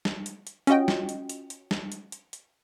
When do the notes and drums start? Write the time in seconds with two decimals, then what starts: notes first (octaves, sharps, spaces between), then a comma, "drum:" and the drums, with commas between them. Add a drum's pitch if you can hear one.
0.05 drum: snare
0.26 drum: hi-hat
0.47 drum: hi-hat
0.67 C#4 F4 F#4 D#5 G5, drum: hi-hat
0.88 drum: snare
1.09 drum: hi-hat
1.29 drum: hi-hat
1.50 drum: hi-hat
1.71 drum: snare
1.92 drum: hi-hat
2.12 drum: hi-hat
2.33 drum: hi-hat